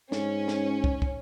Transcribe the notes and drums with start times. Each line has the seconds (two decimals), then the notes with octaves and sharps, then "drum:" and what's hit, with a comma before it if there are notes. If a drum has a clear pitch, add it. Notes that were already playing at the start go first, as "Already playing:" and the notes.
0.12 G#2 C#4, drum: snare
0.48 drum: snare
0.84 drum: kick
1.02 drum: kick